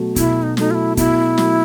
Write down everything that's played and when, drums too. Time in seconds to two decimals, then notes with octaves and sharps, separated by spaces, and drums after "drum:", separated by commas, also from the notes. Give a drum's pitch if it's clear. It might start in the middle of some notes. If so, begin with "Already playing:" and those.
Already playing: B2 F#3 A3
0.16 B2 E4, drum: kick, hi-hat
0.43 D#4
0.57 F#3 A3 D#4, drum: snare
0.71 F4
0.75 E4
0.97 B2 E4, drum: kick, hi-hat
1.38 F#3 A3, drum: snare